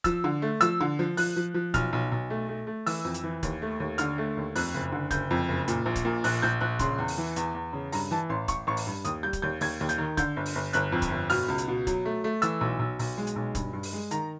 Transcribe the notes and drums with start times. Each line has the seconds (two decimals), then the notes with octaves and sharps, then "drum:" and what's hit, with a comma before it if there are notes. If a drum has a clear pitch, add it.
0.04 F3 E6, drum: kick, hi-hat
0.24 D3
0.42 A3
0.61 F3 E6, drum: hi-hat
0.80 D3
0.99 F3
1.17 F3 F#6, drum: open hi-hat
1.36 F3
1.54 F3
1.74 B1 F6, drum: kick, hi-hat
1.93 B1
2.12 B1
2.30 A3
2.49 A3
2.67 A3
2.86 E3 E6, drum: open hi-hat
3.05 F2
3.14 drum: hi-hat
3.23 E3
3.43 D#2, drum: kick, hi-hat
3.62 A3
3.80 D#2
3.98 D3 F6, drum: hi-hat
4.18 A3
4.37 D#2
4.56 F2 F#6, drum: open hi-hat
4.74 F#1
4.92 D3
5.11 F#1 G6, drum: kick, hi-hat
5.31 F2
5.49 F#1
5.68 A#2, drum: hi-hat
5.86 A#1
5.96 drum: kick, hi-hat
6.05 A#2
6.24 A#1 F#6, drum: open hi-hat
6.42 A#1 G6
6.61 A#1 F#6
6.79 C#3 C6, drum: kick, hi-hat
6.98 E2
7.08 drum: open hi-hat
7.18 E3
7.36 E2, drum: hi-hat
7.54 E2
7.73 C#3
7.92 G2 A#5, drum: open hi-hat
8.11 E3 A5
8.29 A1 C6
8.48 A1 C#6, drum: kick, hi-hat
8.67 A1 C#6
8.77 drum: open hi-hat
8.87 G2
9.05 D#2 D#6, drum: hi-hat
9.23 G3 G6
9.33 drum: kick, hi-hat
9.42 D#2 G6
9.61 D#2 G#6, drum: open hi-hat
9.81 D#2
9.89 G6, drum: hi-hat
9.98 D#3
10.17 D3 G6, drum: kick, hi-hat
10.36 G1
10.46 drum: open hi-hat
10.55 G1
10.73 G1 F#6, drum: hi-hat
10.92 F2
11.02 drum: kick, hi-hat
11.11 G1
11.30 B2 F6, drum: open hi-hat
11.48 C#2
11.58 drum: hi-hat
11.68 B2
11.87 F#3, drum: kick, hi-hat
12.05 A3
12.24 A3
12.42 E3 E6, drum: hi-hat
12.61 B1
12.79 B1
12.99 B1, drum: open hi-hat
13.18 G#3
13.27 drum: hi-hat
13.36 B1
13.55 G2, drum: kick, hi-hat
13.73 G2
13.83 drum: open hi-hat
13.93 G#3
14.11 D#3 A#5, drum: hi-hat